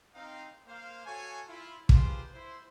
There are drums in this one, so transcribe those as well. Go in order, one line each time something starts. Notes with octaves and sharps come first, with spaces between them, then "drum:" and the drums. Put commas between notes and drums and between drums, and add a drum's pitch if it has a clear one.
C4 D#4 F5
A#3 C5 F5
F#4 A4 C#5 F5 G#5
E4 F4
D4 F4 G4 G#4 B4 C5, drum: kick
E4 C5